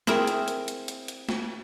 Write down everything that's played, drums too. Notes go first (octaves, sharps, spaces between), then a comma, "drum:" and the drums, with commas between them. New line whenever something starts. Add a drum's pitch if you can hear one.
C4 E4 G#4 A#4, drum: snare
drum: hi-hat
drum: hi-hat
drum: hi-hat
drum: hi-hat
drum: hi-hat
drum: snare